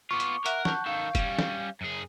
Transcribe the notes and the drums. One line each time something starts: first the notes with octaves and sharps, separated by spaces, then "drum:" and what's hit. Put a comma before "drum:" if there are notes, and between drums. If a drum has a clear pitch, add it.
B3 F4 C#6 D6
drum: hi-hat
A#4 E5 F#5 F#6, drum: hi-hat
A5 C#6 G6, drum: snare
D#3 A4 F5
G3 C#4, drum: kick F1, hi-hat
drum: snare
F#2 G#4